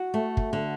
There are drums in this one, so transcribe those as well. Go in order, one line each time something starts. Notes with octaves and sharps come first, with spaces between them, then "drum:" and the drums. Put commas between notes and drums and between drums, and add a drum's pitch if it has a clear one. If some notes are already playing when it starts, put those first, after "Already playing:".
Already playing: F#4
A3
drum: kick
D3